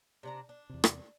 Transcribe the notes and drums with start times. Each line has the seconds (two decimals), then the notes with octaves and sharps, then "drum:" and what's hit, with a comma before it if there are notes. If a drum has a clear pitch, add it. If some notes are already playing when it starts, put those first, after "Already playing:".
0.23 C3 D4 A#5
0.49 D4
0.70 E2 C3
0.84 drum: rim click